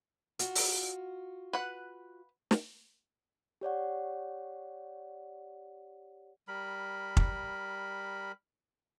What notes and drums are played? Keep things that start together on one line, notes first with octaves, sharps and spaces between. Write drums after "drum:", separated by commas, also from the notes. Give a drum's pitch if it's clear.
F4 F#4, drum: hi-hat
drum: open hi-hat
B4 F#5
drum: snare
G4 C#5 D5 F#5
G3 A#4 B5
drum: kick